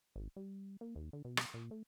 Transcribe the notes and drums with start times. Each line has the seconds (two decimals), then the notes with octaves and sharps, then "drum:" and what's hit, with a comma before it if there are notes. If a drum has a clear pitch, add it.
0.16 G#1
0.36 G3
0.81 A#3
0.96 D#2
1.13 D3
1.25 B2
1.37 drum: rim click
1.54 A#2
1.71 A3